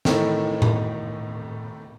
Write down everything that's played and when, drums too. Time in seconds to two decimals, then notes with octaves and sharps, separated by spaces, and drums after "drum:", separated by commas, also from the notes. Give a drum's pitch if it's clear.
0.05 A2 D#3 E3 A3, drum: snare
0.62 drum: tom A2